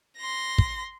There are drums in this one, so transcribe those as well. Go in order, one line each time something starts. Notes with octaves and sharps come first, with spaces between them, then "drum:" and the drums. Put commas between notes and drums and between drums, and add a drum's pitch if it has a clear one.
C6 A#6
drum: kick